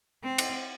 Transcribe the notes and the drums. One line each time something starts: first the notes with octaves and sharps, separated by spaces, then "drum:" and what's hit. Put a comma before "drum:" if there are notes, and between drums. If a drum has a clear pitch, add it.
C4
drum: cymbal